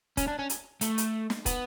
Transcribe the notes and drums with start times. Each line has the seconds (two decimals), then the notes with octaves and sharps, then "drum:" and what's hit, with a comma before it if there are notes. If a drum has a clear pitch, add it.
0.17 C#4, drum: kick, hi-hat
0.27 D4
0.39 C#4
0.50 drum: hi-hat
0.81 A3, drum: hi-hat
0.98 drum: hi-hat
1.30 drum: snare
1.46 B3, drum: kick, hi-hat